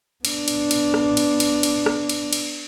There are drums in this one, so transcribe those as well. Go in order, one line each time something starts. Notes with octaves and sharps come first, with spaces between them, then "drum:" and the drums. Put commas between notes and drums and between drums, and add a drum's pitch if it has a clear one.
B3 D4, drum: cymbal
drum: cymbal
drum: cymbal
drum: rim click
drum: cymbal
drum: cymbal
drum: cymbal
drum: rim click
drum: cymbal
drum: cymbal